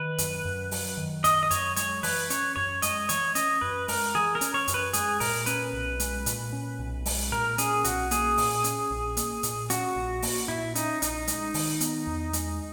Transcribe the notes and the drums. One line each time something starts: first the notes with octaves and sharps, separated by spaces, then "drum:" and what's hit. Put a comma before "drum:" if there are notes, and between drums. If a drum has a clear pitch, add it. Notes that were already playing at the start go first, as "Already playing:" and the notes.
Already playing: D#3 B4
F#2, drum: hi-hat
F#2
F#3, drum: open hi-hat
D#3
F#2 D#5, drum: hi-hat
D#5
F#2 C#5, drum: hi-hat
G#3 C#5, drum: hi-hat
E3 B4, drum: open hi-hat
C#4 C#5, drum: hi-hat
F#2 C#5
G#3 D#5, drum: hi-hat
E3 C#5, drum: hi-hat
C#4 D#5, drum: hi-hat
F#2 B4
G#3 A#4, drum: open hi-hat
E3 G#4
A#4
C#4, drum: hi-hat
C#5
F#2, drum: hi-hat
B4
G#3 G#4, drum: hi-hat
A#2 A#4, drum: open hi-hat
C#4 B4, drum: hi-hat
B1
G#3, drum: hi-hat
A#2, drum: hi-hat
C#4
B1
G#3, drum: open hi-hat
A#2 A#4
C#4 G#4, drum: hi-hat
B1 F#4, drum: hi-hat
A#3 G#4, drum: hi-hat
A#2, drum: open hi-hat
C#4, drum: hi-hat
A#1
A#3, drum: hi-hat
A#2, drum: hi-hat
C#4 F#4, drum: hi-hat
A#1
A#3, drum: open hi-hat
A#2 E4
C#4 D#4, drum: hi-hat
A#1 D#4, drum: hi-hat
G#3, drum: hi-hat
D#3, drum: open hi-hat
B3, drum: hi-hat
E2
G#3, drum: hi-hat